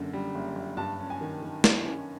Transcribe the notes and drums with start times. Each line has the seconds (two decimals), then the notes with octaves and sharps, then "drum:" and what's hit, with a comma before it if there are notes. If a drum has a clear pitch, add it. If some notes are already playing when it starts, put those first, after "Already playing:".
Already playing: F#1 F#2 D3
0.13 G3
0.35 F#1
0.55 F#1
0.77 G2 A5
0.99 C#4
1.10 G#5
1.21 D#3
1.42 D#3
1.64 D#3, drum: snare
1.85 C#4